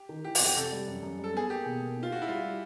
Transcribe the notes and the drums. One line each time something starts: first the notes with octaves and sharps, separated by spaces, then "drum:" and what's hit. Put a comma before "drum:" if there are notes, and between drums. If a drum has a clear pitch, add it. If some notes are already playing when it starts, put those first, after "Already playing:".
Already playing: G4
D#3
E3 G4
F#4, drum: open hi-hat
F2
G4
C3 A4
G3
F#2
F#2
G3 A4
B3 G#4
A#3 G4
B2
A#3
D#4
F4
F#4 G#4
E4
G3 F4
G3